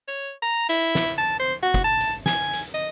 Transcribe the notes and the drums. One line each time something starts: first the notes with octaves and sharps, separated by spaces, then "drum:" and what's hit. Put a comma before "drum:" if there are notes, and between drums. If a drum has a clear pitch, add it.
C#5
A#5
E4, drum: hi-hat
drum: snare
A5
C5
F#4
drum: kick, hi-hat
A5
drum: hi-hat
G#5, drum: snare
drum: hi-hat
D#5